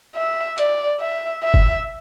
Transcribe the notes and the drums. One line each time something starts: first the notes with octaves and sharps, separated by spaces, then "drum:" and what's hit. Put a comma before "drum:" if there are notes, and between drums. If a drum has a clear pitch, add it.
E5
D5, drum: hi-hat
E5
E5
drum: kick F#1